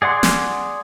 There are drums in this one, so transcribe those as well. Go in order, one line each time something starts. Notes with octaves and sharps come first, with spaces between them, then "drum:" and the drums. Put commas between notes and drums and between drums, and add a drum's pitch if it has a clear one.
G#4 D5 F#5 C6
drum: snare